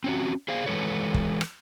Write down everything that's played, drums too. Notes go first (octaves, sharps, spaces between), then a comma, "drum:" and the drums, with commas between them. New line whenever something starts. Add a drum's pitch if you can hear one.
C4 C#4 F#4
G#4 C5 F5
E3 G#3 A4 B4 C#5
drum: kick
drum: rim click